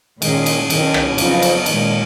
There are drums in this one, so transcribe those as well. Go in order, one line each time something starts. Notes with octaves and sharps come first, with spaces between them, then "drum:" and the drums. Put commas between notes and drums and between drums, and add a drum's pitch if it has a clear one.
A#2 D#3 G#3 C#4 G#4, drum: cymbal
drum: cymbal
B2 D#3 F#3 C#4, drum: cymbal
drum: rim click
F2 C#3 F3 F#3 B3 D#4, drum: cymbal
drum: cymbal
A#2 D#3 G#3 C#4, drum: cymbal